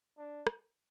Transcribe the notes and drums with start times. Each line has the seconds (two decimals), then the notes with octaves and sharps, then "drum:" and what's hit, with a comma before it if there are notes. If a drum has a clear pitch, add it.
0.18 D4
0.47 drum: rim click